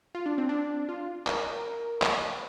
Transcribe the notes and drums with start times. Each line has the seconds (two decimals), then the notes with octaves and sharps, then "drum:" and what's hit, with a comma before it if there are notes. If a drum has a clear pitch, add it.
0.15 F4
0.26 D4
0.38 C4
0.49 D4
0.89 F4
1.27 A#4, drum: clap
2.02 drum: clap